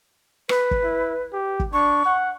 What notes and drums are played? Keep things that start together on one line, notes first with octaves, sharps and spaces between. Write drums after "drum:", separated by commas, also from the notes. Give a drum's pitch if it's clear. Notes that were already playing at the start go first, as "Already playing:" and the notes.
B4, drum: rim click
drum: kick
E4
G4
drum: kick
D4 C#6
F#5